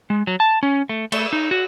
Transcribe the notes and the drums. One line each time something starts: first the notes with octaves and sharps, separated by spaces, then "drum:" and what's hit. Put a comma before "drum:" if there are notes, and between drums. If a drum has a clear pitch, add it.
G#3
F#3
A5
C#4
A3
A3, drum: cymbal
D#4
F#4